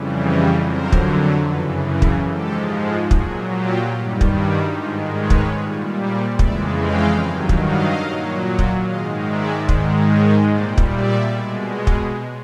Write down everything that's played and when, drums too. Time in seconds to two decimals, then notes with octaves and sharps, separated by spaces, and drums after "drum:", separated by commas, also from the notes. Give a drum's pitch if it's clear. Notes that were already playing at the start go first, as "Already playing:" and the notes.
Already playing: F2 C#3 E3 G3
0.23 C#5 D#5
0.65 F2 D3 F#3 A#4 C5
0.92 drum: kick
1.47 F#2 C#3 E3 A4 B4
1.88 G#4 A#4
2.02 drum: kick
2.29 G#2 F3 G#3 G4 A4
3.11 A#2 F#3 F#4 G#4, drum: kick
3.52 F4 G4
3.93 G2 D#3 G3
4.21 drum: kick
4.34 E4 F#4
4.75 G#2 D#3 G#3 F4 G4
5.16 B4 C#5
5.30 drum: kick
5.57 A#2 G3
5.98 C5 D5
6.39 F2 C#3 E3 G#3 D5 E5, drum: kick
6.81 F5 G5
7.21 G2 D#3 F#3
7.49 drum: kick
7.62 D#5 F5
8.04 A#2 F#3
8.59 drum: kick
8.85 G#2 D#3 G#3 D#5 F5
9.27 D5 E5
9.69 G#2 D#3 G#3, drum: kick
10.09 C#5 D#5
10.50 A#2 G3 C5 D5
10.78 drum: kick
10.91 D5 E5
11.32 B2 G#3
11.73 C#5 D#5
11.87 drum: kick